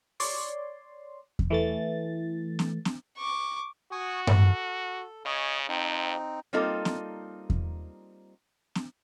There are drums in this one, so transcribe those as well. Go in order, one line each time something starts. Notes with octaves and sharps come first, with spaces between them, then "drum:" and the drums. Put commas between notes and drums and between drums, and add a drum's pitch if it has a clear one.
C#5 D5 C6, drum: open hi-hat
drum: kick E2
E3 A3 A6
drum: snare
drum: snare
C#6 D6
F#4 G#5 C#6 D#6
A4, drum: tom G2
C#3 D#5 G#5 C#6
F2 C4 D#4
G3 A#3 C4 D#4 F4 A4
drum: snare
drum: kick E2
drum: snare